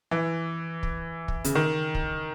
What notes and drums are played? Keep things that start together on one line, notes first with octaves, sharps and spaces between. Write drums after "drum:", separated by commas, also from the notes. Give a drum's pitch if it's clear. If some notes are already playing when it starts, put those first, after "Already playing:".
E3
drum: kick
drum: kick
C#3, drum: hi-hat
D#3
drum: kick